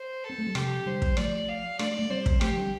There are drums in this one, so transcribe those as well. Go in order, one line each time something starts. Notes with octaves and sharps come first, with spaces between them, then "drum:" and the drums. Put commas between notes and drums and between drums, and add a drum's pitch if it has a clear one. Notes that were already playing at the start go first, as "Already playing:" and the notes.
Already playing: C5
A4
C4
A3
G3
C3 F3 G4, drum: rim click
D3 G3 C5
drum: kick
F3 A3 D5, drum: rim click
F5
A3 D4 D5, drum: rim click
A3
G3 C4 C5
drum: kick
F3 A3 G4, drum: rim click
D3 G3